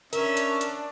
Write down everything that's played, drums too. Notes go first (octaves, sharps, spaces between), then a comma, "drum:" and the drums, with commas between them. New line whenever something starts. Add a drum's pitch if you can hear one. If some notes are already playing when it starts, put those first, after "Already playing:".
C#4 D4 A#4 E5, drum: hi-hat
drum: hi-hat
drum: hi-hat